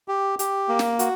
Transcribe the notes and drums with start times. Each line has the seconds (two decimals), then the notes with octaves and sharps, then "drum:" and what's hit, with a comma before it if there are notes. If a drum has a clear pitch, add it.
0.08 G4
0.39 G4, drum: hi-hat
0.69 A#3
0.79 drum: snare
0.99 F#4, drum: hi-hat